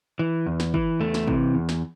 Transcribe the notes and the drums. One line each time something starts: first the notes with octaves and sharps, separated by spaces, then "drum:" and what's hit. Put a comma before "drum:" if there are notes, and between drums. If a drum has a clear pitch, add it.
E3
E2
drum: snare
E3, drum: kick
E2 A3
drum: snare
C3 E3, drum: kick
E2
drum: snare